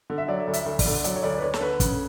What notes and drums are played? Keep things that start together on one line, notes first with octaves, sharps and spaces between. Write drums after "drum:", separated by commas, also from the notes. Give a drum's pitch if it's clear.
D3
E5
F#3 D5
D2
E5, drum: hi-hat
D2
D5, drum: kick, open hi-hat
D3
F#3 D5, drum: hi-hat
C#5
D2 D5
B4
D2 C#5
A4, drum: snare
D3 B4
C#3, drum: kick, hi-hat